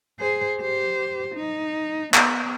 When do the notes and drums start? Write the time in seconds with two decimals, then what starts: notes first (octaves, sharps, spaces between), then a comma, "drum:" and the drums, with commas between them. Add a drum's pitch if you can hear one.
0.19 G#4 C5
0.60 G4 C5
1.35 D#4
2.14 B3, drum: clap